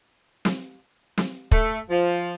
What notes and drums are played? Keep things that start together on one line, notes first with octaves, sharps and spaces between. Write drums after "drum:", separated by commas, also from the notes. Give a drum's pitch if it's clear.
drum: snare
drum: snare
A3, drum: kick
F3